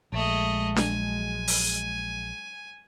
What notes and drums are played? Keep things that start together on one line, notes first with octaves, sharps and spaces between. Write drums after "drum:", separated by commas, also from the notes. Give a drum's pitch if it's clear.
A#1 F#3 G#3 A3 D#5
G#5, drum: snare D4
drum: open hi-hat